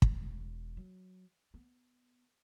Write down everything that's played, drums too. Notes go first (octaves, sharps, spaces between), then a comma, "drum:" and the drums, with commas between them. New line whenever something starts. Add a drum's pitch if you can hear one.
E1, drum: kick
F#3
B3